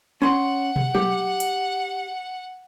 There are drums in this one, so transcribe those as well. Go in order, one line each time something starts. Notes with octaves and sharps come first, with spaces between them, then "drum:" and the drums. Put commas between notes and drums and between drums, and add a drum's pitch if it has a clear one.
C#4 F#5 C6
drum: tom
G4, drum: tom F#3
drum: hi-hat